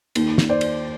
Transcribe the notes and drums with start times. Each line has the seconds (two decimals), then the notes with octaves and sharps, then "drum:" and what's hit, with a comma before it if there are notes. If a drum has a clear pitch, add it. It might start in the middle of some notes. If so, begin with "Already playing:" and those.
0.15 D#2 D#3, drum: cymbal
0.38 drum: snare
0.49 C5 D5
0.61 drum: cymbal